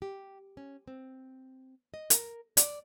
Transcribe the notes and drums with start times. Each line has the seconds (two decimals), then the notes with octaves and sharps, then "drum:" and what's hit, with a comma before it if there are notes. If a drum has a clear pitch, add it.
0.02 G4
0.57 C#4
0.88 C4
1.94 D#5
2.10 A#4, drum: hi-hat
2.57 D5, drum: hi-hat